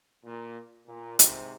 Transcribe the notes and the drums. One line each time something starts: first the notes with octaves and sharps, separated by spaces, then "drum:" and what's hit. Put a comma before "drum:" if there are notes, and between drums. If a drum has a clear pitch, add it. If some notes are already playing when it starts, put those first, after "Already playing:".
A#2
A#2
G#2 C3, drum: hi-hat